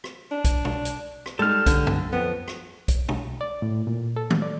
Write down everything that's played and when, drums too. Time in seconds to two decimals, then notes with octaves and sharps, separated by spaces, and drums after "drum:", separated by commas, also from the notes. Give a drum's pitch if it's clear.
0.04 drum: rim click
0.31 D4
0.45 drum: kick B1, hi-hat
0.65 drum: tom B2
0.85 drum: hi-hat
1.26 drum: rim click
1.39 G3 G#3 D#4 A4 F6
1.66 D3, drum: kick B1, hi-hat
1.87 drum: tom F#2
2.13 F2 B3
2.48 drum: rim click
2.88 drum: kick B1, hi-hat
3.09 drum: tom B2
3.41 D5
3.62 A2
3.87 A#2
4.16 A4
4.30 drum: tom D#3
4.42 D5